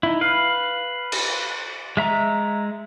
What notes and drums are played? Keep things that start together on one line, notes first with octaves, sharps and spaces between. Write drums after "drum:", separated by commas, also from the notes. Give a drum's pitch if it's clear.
D#4 E4
B4 F5
drum: cymbal
G#3 E5 A#5